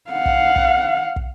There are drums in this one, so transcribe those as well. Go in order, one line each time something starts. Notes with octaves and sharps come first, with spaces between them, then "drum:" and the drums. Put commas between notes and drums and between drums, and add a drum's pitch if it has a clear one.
F5 F#5
drum: kick
drum: kick
drum: kick